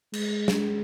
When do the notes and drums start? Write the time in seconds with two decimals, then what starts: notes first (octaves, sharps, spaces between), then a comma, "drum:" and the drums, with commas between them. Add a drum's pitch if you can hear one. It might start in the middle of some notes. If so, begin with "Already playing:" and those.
0.13 G#3, drum: cymbal
0.48 drum: snare